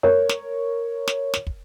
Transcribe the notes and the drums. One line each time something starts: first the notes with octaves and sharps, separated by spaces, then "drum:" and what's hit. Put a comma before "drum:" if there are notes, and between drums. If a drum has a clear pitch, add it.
A#4 C#5
drum: snare
drum: snare
drum: snare
drum: kick